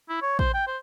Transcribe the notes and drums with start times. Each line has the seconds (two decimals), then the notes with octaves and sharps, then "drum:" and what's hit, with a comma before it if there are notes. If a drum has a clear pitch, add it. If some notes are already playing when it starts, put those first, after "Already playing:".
0.09 E4
0.22 C#5
0.39 C5, drum: kick
0.54 G5
0.67 C5